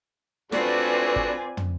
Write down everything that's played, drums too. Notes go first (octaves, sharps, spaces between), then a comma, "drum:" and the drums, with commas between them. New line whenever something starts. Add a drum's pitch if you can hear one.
A3 C4 D4 F4 F#4 B4 D5 G#5, drum: snare
drum: kick
drum: tom